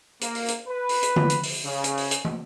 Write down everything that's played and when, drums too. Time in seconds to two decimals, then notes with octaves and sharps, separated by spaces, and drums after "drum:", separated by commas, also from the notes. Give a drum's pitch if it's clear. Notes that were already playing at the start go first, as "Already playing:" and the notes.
0.21 A#3, drum: hi-hat
0.35 drum: open hi-hat
0.48 drum: hi-hat
0.68 B4
0.89 drum: open hi-hat
1.03 drum: hi-hat
1.16 drum: tom D3
1.30 drum: hi-hat
1.43 drum: open hi-hat
1.65 C#3
1.84 drum: hi-hat
1.97 drum: open hi-hat
2.11 drum: hi-hat
2.25 drum: tom